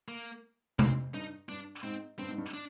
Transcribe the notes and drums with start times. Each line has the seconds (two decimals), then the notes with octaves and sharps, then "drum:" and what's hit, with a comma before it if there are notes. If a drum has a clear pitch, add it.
0.08 A#3
0.79 G#2 C4, drum: tom C3
1.14 G2 D#4
1.49 G2 D4
1.84 G#2 C4
2.19 G2 C4
2.29 G#2
2.38 G2
2.54 D4